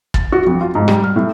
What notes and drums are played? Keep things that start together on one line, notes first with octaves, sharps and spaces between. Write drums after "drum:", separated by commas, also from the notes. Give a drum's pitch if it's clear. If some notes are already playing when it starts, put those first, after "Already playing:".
A6, drum: kick
F#4
F2
F4
G#2
G3, drum: rim click
F6
A2